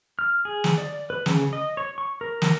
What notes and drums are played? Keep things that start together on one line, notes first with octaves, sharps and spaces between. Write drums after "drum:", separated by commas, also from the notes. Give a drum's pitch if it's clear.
F6
G#4
drum: snare
D5
B4
C#3, drum: snare
D#5
C#5
C#6
A#4
drum: snare